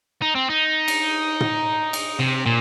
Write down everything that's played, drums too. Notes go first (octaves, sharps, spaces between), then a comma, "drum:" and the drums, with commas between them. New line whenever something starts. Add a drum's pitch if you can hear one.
D#4
C4
D#4
drum: cymbal
drum: tom
drum: cymbal
C3
A#2